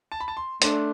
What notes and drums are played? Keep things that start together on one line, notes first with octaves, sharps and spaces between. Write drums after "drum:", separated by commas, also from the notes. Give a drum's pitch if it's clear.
A5
B5
A5
C6
A3 D4 C6, drum: hi-hat